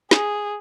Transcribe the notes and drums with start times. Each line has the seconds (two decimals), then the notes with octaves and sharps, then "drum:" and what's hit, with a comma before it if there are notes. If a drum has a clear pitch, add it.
0.11 G#4, drum: snare